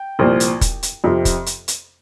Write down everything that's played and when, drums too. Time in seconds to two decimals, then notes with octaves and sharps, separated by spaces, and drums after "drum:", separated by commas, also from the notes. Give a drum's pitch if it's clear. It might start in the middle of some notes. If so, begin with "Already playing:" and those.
Already playing: G5
0.19 C2 A#2 F3
0.40 drum: hi-hat
0.61 drum: kick, hi-hat
0.83 drum: hi-hat
1.04 F2 C3 F3
1.25 drum: kick, hi-hat
1.46 drum: hi-hat
1.68 drum: hi-hat